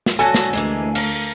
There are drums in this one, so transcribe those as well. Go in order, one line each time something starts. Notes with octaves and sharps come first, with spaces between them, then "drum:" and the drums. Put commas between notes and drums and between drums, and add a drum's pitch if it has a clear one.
drum: snare
B2 D3 F#3 A4 G#5 A#6
drum: snare
D2 E3 G#3 A#3
A#4 F5, drum: cymbal